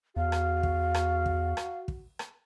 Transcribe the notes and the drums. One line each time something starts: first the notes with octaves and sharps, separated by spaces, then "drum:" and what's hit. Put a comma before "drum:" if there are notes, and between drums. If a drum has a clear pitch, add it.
E2 F#4 F5
drum: rim click
drum: kick
drum: rim click
drum: kick
drum: rim click
drum: kick
drum: rim click